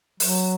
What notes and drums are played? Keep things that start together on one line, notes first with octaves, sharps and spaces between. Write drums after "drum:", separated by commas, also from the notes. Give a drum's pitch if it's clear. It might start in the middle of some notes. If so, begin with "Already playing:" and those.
F#3, drum: open hi-hat